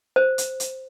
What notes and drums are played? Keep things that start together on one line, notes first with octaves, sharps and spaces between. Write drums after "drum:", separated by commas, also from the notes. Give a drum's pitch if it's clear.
C5
drum: hi-hat
drum: hi-hat